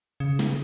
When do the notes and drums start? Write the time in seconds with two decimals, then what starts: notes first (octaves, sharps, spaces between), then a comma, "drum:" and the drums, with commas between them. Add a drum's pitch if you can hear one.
0.20 C#3
0.39 drum: snare